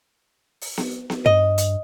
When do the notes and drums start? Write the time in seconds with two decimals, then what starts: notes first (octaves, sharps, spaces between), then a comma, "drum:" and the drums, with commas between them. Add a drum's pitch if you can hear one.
0.61 drum: open hi-hat
0.77 drum: snare B3
1.10 drum: snare B3
1.26 G2 D#5
1.58 drum: hi-hat